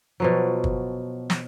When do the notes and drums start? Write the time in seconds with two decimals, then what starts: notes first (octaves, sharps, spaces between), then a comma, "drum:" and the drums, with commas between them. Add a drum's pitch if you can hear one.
0.20 B2 F3 F#3
0.64 drum: kick
1.30 drum: snare